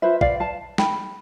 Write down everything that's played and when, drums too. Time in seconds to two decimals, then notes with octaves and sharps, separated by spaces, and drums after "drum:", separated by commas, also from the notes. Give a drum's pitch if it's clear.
0.02 F4 B4 C5 E5
0.21 D5 F5, drum: kick
0.40 F5 A5
0.78 G5 B5, drum: snare